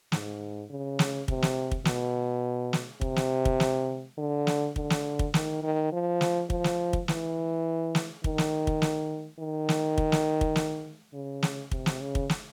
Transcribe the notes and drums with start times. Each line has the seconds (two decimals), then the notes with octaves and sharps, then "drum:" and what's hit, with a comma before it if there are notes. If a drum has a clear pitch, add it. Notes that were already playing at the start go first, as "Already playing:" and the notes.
0.12 G#2, drum: snare
0.70 C#3
0.99 drum: snare
1.28 C3, drum: kick
1.42 drum: snare
1.71 drum: kick
1.85 B2, drum: snare
2.73 drum: snare
3.01 C3, drum: kick
3.16 drum: snare
3.45 drum: kick
3.60 drum: snare
4.18 D3
4.47 drum: snare
4.76 D3, drum: kick
4.90 drum: snare
5.19 drum: kick
5.34 D#3, drum: snare
5.63 D#3
5.92 F3
6.21 drum: snare
6.50 F3, drum: kick
6.64 drum: snare
6.93 drum: kick
7.08 E3, drum: snare
7.95 drum: snare
8.24 D#3, drum: kick
8.38 drum: snare
8.67 drum: kick
8.82 drum: snare
9.39 D#3
9.69 drum: snare
9.98 drum: kick
10.12 drum: snare
10.41 drum: kick
10.56 drum: snare
11.13 C#3
11.43 drum: snare
11.71 C3, drum: kick
11.86 drum: snare
12.01 C#3
12.15 drum: kick
12.29 drum: snare